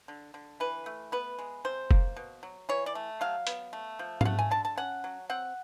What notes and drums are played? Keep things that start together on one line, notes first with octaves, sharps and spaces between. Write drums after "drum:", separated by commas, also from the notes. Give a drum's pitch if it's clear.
D3
D3
E3 B4
A3
B3 B4
G#3
C3 C5
A#3, drum: kick F1
B2
F#3
E3 C#5
D5
A3
F#3 F5
B3, drum: hi-hat
A3
F3
F5, drum: tom G#2
A3 F#5
G#5
D3 A5
A5
C#4 F#5
F#3
C4 F#5